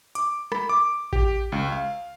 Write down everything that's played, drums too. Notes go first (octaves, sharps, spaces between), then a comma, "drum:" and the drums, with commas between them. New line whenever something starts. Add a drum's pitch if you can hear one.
D6, drum: hi-hat
B5, drum: rim click
D6
G4, drum: kick A1
C#2
F5